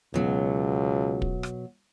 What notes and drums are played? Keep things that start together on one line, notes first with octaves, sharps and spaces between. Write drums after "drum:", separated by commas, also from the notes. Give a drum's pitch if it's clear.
C#2 B2 F#3
drum: kick
drum: rim click